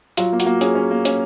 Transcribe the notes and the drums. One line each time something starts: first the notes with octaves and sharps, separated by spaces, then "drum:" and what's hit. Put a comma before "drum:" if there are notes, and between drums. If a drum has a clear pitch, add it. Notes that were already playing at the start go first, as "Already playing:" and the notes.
F#3 F4, drum: hi-hat
A#3
F#4, drum: hi-hat
A#3
C#4 G#4, drum: hi-hat
C#4
A#3
C#4, drum: hi-hat